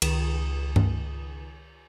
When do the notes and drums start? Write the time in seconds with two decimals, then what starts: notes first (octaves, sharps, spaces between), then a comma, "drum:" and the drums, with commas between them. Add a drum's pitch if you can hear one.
0.02 C#2 D#3 D#6 E7, drum: cymbal
0.76 drum: tom G2